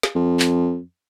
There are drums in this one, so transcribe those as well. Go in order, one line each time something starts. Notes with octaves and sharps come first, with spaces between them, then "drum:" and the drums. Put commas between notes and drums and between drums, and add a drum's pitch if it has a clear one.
drum: snare
F2
drum: clap